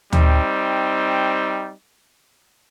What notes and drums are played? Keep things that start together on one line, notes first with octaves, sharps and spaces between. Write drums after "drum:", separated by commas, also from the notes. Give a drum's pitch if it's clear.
G3 C4 D#4, drum: tom D2